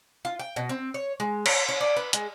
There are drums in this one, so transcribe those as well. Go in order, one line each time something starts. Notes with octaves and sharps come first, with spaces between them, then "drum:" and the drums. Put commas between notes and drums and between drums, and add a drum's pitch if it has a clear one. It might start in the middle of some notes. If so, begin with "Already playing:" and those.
F4
G5
B2
C4
C#5
G#3
C#5, drum: cymbal
C#5
D5
B4
G#3, drum: hi-hat